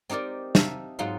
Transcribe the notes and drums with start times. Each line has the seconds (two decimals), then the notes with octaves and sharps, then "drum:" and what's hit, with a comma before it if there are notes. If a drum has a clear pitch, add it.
0.09 C4 D#4 G4 A#4 D5
0.55 D#4 E5 F5 A5, drum: snare
0.99 G#2 F#3 D#4 F4 F5